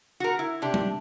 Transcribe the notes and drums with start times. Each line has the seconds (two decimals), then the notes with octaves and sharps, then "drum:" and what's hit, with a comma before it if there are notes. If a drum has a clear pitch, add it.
0.20 F#4 A#4
0.39 E4
0.62 C3 D4 G4
0.74 drum: tom G3